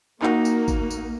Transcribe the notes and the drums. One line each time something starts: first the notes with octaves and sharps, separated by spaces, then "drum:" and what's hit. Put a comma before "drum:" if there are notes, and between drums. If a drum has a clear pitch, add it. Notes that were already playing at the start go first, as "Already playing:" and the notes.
A#3 D#4 F#4, drum: clap
drum: tambourine
drum: kick G#1, tambourine
drum: tambourine